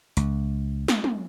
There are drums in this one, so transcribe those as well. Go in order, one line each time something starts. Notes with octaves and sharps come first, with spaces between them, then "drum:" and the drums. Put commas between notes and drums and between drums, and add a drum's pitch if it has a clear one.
C#2, drum: hi-hat
drum: snare
drum: tom